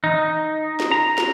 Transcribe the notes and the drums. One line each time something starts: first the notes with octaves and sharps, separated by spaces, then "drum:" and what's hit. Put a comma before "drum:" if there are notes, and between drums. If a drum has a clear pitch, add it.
D#4, drum: tom D#3
drum: snare
A#5
drum: snare